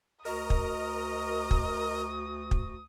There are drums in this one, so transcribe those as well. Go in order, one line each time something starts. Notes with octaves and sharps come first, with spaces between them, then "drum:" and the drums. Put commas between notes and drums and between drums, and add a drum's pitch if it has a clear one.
D2 F#4 A#4 D#5 A#5 D#6
drum: kick
drum: kick
drum: kick